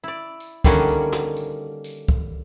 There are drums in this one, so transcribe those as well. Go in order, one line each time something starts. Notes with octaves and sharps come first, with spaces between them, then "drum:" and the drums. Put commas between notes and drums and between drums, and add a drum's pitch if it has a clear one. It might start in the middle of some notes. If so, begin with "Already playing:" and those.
E4 D5
drum: tambourine
D3 D#3 G3 A#3 C#4 F#4, drum: kick
drum: tambourine
drum: snare
drum: tambourine
drum: tambourine
drum: kick